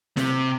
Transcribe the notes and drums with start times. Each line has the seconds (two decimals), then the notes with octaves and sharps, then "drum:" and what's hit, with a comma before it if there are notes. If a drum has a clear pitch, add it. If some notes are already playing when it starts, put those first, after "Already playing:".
0.17 C3, drum: snare